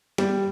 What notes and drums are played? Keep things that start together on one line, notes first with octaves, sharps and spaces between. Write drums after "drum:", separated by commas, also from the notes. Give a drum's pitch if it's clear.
G3, drum: snare